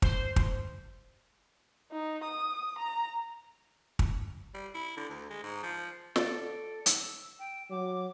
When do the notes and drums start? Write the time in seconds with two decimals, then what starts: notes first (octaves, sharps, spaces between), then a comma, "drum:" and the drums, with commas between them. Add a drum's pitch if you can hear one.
0.02 C5, drum: kick
0.36 drum: kick
1.92 D#4
2.24 D#6
2.79 A#5
3.99 drum: kick
4.54 G3
4.75 E4
4.97 D3
5.10 D2
5.31 G#3
5.43 G#2
5.63 F3
6.16 A4 D5, drum: snare
6.86 E6, drum: hi-hat
7.39 G5
7.70 F#3 D6